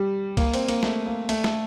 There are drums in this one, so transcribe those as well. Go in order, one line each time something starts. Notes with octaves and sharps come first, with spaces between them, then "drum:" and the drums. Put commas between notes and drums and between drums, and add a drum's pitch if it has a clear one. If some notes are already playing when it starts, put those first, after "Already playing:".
Already playing: G3
A#3, drum: kick C2, cymbal
C4, drum: cymbal
A#3, drum: cymbal
A3, drum: snare
A#3
A3, drum: cymbal
A3, drum: snare